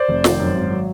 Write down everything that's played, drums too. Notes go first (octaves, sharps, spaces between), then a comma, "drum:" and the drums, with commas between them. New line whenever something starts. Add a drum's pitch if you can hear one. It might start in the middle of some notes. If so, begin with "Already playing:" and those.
Already playing: C5 D5
F1
D#3, drum: snare
F#2
G#1
F#3